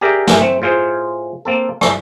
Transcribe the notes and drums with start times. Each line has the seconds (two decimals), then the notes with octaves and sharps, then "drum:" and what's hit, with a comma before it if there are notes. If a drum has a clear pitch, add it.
0.01 G4 G#4 A#4 D5 E5 G5
0.27 drum: snare
0.38 A3 C4
0.62 A2 F4 G#4 C5
1.45 A#3 C4 A4
1.81 A4, drum: rim click